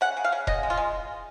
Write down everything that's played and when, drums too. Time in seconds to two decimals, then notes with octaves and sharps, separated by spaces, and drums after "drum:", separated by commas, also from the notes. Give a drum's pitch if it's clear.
0.01 C#3 F#5
0.17 C#3
0.24 F5
0.32 C#3
0.47 C#3 D#5, drum: kick E1
0.63 G#3
0.70 F4
0.77 G#3